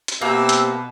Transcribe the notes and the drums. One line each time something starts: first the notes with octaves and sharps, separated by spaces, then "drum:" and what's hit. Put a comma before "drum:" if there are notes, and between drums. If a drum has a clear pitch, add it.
drum: hi-hat
B2 A#3 C4 G4 E5 E6
drum: hi-hat